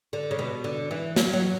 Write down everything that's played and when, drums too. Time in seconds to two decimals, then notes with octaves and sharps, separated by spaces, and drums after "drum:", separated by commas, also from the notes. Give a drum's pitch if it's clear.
0.13 D3
0.31 C#3
0.39 B2
0.64 D3
0.91 E3
1.16 F#3, drum: snare
1.33 F#3